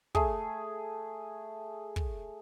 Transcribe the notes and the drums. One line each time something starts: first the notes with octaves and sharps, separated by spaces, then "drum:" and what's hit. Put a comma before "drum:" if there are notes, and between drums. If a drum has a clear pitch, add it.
A3 G#4, drum: kick
drum: kick